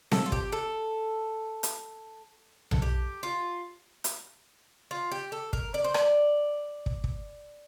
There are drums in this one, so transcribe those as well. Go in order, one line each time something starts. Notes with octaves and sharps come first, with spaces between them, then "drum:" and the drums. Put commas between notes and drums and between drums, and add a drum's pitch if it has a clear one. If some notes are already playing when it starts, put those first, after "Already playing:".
A4, drum: snare C4
F4
G4, drum: kick
A4
drum: hi-hat
A4, drum: tom B1
G4
F4
drum: hi-hat
F4
G4
A4
A#4, drum: kick
D5
C5
D5, drum: rim click
drum: kick
drum: kick